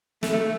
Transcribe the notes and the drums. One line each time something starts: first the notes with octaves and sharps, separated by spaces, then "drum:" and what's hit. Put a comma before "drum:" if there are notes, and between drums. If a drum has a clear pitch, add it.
A3, drum: snare
A3